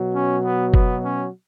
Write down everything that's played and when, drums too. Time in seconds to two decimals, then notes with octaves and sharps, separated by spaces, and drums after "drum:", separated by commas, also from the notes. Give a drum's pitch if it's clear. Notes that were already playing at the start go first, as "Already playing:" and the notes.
Already playing: B2 F#3
0.14 C#4
0.44 B3
0.74 B3, drum: kick F#1
1.03 C#4